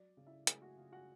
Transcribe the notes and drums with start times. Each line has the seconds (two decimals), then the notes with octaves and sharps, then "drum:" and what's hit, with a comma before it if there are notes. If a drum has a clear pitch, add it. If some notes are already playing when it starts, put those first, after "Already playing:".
Already playing: F#3 D5
0.17 C#3
0.27 E4 E5
0.47 A3 G#4 G#5, drum: hi-hat
0.62 F#4 F#5
0.77 C#3 F4 F5
0.92 F#4 F#5